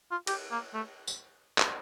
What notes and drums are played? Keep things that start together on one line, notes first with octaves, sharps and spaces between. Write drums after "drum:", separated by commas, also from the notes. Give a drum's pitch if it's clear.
F4
G4, drum: cymbal
A#3
A3
drum: tambourine
drum: clap